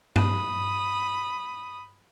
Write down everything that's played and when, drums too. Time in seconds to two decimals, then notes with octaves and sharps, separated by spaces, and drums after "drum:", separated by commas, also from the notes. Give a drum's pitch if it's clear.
0.16 B5 D#6, drum: tom G2